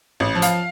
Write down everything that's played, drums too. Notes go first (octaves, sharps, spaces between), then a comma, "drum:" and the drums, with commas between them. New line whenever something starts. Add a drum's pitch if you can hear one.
A1
F3
F5, drum: hi-hat